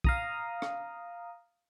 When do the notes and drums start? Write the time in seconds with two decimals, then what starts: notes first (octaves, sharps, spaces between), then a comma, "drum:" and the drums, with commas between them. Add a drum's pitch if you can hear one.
0.04 F5 A#5 D#6, drum: kick
0.62 drum: rim click